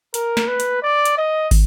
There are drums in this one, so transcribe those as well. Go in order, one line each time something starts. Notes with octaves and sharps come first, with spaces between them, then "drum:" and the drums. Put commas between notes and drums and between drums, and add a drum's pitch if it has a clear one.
A#4, drum: hi-hat
drum: snare
B4
drum: hi-hat
D5
drum: hi-hat
D#5
drum: kick, open hi-hat